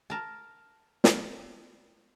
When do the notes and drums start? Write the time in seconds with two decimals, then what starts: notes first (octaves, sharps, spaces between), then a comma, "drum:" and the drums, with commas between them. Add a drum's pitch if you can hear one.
0.10 A#4 A5
1.04 drum: snare